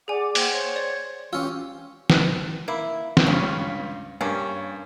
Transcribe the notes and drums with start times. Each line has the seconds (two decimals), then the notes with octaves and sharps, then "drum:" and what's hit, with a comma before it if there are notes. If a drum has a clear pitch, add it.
0.08 G#4 D5 F#5 G#5 D6
0.35 A#3 C5 F#5 G5 G#6, drum: open hi-hat
0.50 C5 C#5
0.76 D5
1.33 E3 C#4 F4 G4 E6
2.10 drum: snare
2.68 A#3 E4
3.17 drum: snare
3.27 C#2 G2 C#4 F4
4.21 G2 A#3 C#4